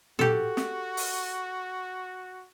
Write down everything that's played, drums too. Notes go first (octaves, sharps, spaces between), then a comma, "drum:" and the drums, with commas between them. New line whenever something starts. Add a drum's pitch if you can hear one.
F#4 G4 A4, drum: tom A#2
drum: snare
drum: open hi-hat